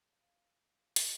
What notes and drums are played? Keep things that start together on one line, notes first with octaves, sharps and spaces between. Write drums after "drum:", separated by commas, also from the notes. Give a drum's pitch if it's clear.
F3 F5
drum: hi-hat